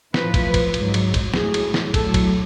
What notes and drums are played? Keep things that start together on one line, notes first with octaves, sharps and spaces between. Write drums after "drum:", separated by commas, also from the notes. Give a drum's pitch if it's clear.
A2 F3 B4, drum: snare
drum: kick, cymbal
drum: kick, cymbal
G#2 F#3, drum: cymbal
drum: cymbal
drum: kick, cymbal
A2 F#3 G#4, drum: snare
drum: cymbal
drum: snare
A2 F#3 A4, drum: kick, cymbal
drum: kick, cymbal